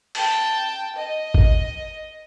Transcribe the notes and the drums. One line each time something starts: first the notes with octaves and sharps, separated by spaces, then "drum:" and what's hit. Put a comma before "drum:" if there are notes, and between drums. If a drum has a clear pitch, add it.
G5 A5, drum: open hi-hat
D#5
drum: kick